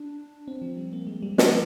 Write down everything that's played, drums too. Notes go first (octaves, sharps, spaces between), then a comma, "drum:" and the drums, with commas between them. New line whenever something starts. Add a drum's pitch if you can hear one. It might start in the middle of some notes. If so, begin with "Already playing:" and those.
Already playing: D4
C4
F3
G3
A#3
G#3
G3
F3, drum: snare